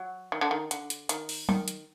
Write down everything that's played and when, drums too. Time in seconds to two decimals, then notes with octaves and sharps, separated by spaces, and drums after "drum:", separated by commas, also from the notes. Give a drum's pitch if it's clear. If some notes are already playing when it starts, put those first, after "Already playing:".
Already playing: F#3
0.32 D#3
0.41 D3
0.51 D#3
0.71 D3, drum: hi-hat
0.90 drum: hi-hat
1.09 D#3, drum: hi-hat
1.29 drum: open hi-hat
1.49 D#3, drum: tom
1.68 drum: hi-hat